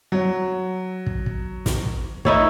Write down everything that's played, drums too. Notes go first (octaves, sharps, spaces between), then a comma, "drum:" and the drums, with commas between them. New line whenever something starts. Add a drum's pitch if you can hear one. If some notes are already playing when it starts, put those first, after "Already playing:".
F#3
drum: kick
drum: kick
drum: snare
drum: kick
D#4 E4 C#5, drum: kick